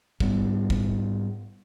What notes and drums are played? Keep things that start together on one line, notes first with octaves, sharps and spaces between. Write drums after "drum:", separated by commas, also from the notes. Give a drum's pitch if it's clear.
G#2 G3 B3, drum: kick
drum: kick